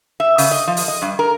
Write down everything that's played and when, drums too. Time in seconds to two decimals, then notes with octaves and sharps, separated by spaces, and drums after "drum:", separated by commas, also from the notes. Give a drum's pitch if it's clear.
0.20 E5
0.38 C#3, drum: open hi-hat
0.52 D#5
0.67 F3
0.77 drum: open hi-hat
0.88 D#5
1.02 G2
1.19 A#4